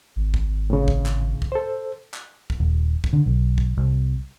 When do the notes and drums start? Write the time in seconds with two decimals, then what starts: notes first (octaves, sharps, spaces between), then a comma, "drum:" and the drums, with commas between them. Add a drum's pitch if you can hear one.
0.16 G#1
0.34 drum: kick
0.70 A2 C#3
0.88 drum: kick
1.06 drum: clap
1.42 drum: kick
1.52 A4 C5
2.14 drum: clap
2.50 drum: kick
2.60 D#1
3.04 drum: kick
3.13 D3
3.26 B1
3.58 drum: kick
3.77 C2